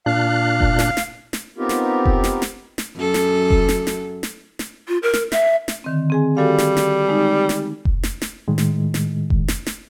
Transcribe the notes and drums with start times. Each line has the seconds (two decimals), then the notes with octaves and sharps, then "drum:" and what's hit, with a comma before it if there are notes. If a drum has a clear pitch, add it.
0.06 A#2 D4 F5 F#6
0.61 drum: kick F1
0.79 drum: snare
0.97 drum: snare
1.33 drum: snare
1.58 B3 C4 D#4 F4 G4 A#4
1.69 drum: snare
2.05 drum: kick F1
2.24 drum: snare
2.42 drum: snare
2.78 drum: snare
2.96 F#2 A4
3.14 drum: snare
3.50 drum: kick F1
3.69 drum: snare
3.87 drum: snare
4.23 drum: snare
4.59 drum: snare
4.88 F4
5.03 A#4
5.14 drum: snare
5.32 E5, drum: snare
5.68 drum: snare
5.84 D3 D#3 C4
6.10 C4 G#4 G#5
6.37 G3 F#4 A4 F5
6.58 drum: snare
6.77 drum: snare
7.08 G#3 D#4
7.49 drum: snare
7.85 drum: kick F1
8.03 drum: snare
8.22 drum: snare
8.48 A2 D#3 G#3
8.58 drum: snare
8.94 drum: snare
9.30 drum: kick F1
9.48 drum: snare
9.67 drum: snare